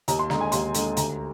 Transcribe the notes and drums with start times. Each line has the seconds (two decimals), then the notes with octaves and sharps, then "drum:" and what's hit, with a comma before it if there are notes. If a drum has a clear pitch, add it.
0.08 D#2 A#5, drum: hi-hat
0.19 C6
0.30 D3 G#3 A#5, drum: snare
0.41 G#5
0.52 D#2 C6, drum: hi-hat
0.75 D3 G#3, drum: hi-hat
0.97 D2 A#5, drum: hi-hat